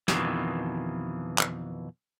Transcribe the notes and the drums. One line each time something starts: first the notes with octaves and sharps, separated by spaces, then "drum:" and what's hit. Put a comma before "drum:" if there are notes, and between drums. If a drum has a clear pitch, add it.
F2 B2 D#3 E3, drum: snare
drum: clap